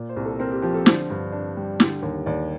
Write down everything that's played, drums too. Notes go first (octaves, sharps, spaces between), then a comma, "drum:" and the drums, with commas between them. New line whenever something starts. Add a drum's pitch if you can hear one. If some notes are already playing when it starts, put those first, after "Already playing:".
Already playing: A#2
C5
C2
A4
C4 A#4
G4
F3 G4
A4
D3 C5, drum: snare
G2
D4
G3
D3, drum: snare
D#2
D#2 D5